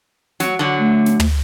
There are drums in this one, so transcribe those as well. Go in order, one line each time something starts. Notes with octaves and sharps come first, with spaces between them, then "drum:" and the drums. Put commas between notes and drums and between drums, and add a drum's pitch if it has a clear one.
F#3, drum: snare
D3 F#3
A3
drum: snare
drum: tom